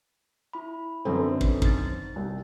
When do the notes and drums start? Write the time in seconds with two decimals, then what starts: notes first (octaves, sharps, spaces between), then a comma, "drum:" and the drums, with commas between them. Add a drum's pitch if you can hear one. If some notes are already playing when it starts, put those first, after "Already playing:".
0.53 E4 B5
1.05 F#2 D3 C4 A4 B4
1.41 drum: kick
1.62 D#4 A6, drum: kick
2.16 C2